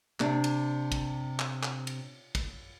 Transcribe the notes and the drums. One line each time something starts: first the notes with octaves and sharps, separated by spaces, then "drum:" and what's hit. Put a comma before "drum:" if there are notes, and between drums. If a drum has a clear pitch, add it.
C3 D4, drum: clap
drum: cymbal
drum: kick, cymbal
drum: clap
drum: clap
drum: cymbal
drum: kick, cymbal